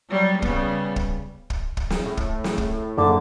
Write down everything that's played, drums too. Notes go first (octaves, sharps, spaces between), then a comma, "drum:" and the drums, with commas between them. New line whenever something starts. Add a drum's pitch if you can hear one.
F#3 G3
C#3 G3 B3, drum: kick
drum: kick
drum: kick
drum: kick
drum: snare
A2
drum: kick
drum: snare
drum: kick
F#1 D3 D6